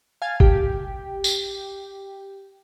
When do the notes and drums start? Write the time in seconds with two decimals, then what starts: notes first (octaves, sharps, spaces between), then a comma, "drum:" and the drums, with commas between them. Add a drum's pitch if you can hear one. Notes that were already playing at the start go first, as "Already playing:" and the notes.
0.22 F5 G#5 A5
0.40 G4, drum: kick
1.24 drum: tambourine